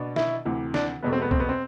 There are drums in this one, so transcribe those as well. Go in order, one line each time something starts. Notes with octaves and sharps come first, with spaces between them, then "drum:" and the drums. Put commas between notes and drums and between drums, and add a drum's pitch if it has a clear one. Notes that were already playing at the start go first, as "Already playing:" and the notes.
Already playing: B2 B3 D4
E4, drum: snare
D2 C3 E3
D4, drum: snare
E1 E2 B2 A3 B3
C4
B3
C4, drum: kick
B3
C4